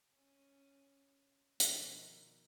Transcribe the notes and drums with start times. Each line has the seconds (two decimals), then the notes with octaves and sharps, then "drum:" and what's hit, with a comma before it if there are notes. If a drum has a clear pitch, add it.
0.15 C#4
1.60 B2 D#3 F3, drum: hi-hat